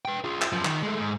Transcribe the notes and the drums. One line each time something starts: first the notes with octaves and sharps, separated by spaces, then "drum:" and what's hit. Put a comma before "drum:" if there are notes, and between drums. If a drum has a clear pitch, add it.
B4 G5
F4 G#4
drum: clap
F#2 F3
D#3, drum: clap
G#3 A3
G#2